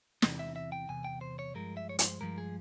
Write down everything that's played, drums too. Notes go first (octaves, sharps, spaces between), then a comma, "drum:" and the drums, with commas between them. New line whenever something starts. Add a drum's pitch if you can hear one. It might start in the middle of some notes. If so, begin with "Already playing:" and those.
E2 C3 E3, drum: snare
E5
E5
G5
E2 C3 G#5
G5
C5
C#5
G2 F3 G#3 A#4
E5
C#5
C5, drum: hi-hat
G2 F3 G#3 A#4
G#4